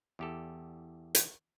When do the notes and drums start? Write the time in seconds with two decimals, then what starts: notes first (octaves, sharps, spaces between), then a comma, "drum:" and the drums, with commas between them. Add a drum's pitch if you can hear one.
0.19 E2 G4 A4
1.15 drum: hi-hat